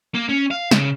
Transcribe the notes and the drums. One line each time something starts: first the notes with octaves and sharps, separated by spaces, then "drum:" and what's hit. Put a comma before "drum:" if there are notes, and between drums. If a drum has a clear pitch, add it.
A#3
C#4
F5
C#3, drum: snare